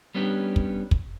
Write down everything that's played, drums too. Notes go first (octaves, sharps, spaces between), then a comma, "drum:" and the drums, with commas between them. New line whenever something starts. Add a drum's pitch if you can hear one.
G3 B3 C#4 D4 G4
drum: kick
drum: kick